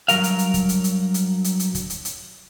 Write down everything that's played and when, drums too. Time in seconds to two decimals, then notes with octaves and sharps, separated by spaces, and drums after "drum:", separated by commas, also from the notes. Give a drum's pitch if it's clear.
0.08 G2 F#3 A#4 F5, drum: hi-hat
0.24 drum: hi-hat
0.39 drum: hi-hat
0.54 drum: kick, hi-hat
0.69 drum: hi-hat
0.84 drum: hi-hat
1.14 drum: hi-hat
1.44 drum: hi-hat
1.60 drum: hi-hat
1.75 drum: kick, hi-hat
1.90 drum: hi-hat
2.05 drum: hi-hat